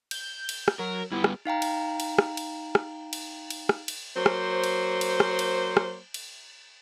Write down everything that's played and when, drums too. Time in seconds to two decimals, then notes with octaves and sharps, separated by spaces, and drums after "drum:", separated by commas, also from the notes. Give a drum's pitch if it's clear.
0.11 G6, drum: cymbal
0.49 drum: cymbal
0.68 drum: rim click
0.79 F#3 A#4
1.11 G2 B3 E4
1.24 drum: rim click
1.45 D#4 F5 G5 A#5
1.62 drum: cymbal
2.00 drum: cymbal
2.19 drum: rim click
2.37 drum: cymbal
2.75 drum: rim click
3.13 drum: cymbal
3.50 drum: cymbal
3.69 drum: rim click
3.88 drum: cymbal
4.16 F#3 A#3 C5
4.26 drum: rim click
4.64 drum: cymbal
5.01 drum: cymbal
5.20 drum: rim click
5.39 drum: cymbal
5.77 drum: rim click
6.14 drum: cymbal